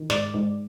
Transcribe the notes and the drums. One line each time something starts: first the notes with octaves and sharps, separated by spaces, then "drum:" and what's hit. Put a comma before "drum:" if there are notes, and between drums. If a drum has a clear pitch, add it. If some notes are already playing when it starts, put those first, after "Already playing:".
Already playing: D#3
G#2 D5, drum: snare
G#2